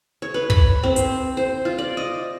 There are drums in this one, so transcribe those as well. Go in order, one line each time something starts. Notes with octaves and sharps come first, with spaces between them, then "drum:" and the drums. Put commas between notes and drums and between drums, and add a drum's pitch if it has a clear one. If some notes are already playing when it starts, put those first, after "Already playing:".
C#5
B4
B5, drum: kick
C4
C5, drum: hi-hat
C5
F4
D5
D#5